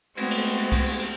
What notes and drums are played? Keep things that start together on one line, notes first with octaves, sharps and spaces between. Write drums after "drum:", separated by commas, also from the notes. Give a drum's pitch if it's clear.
G#3 A3 B3 C4 F#4, drum: cymbal
drum: cymbal
drum: cymbal
drum: cymbal
drum: kick C2, cymbal
drum: cymbal
drum: cymbal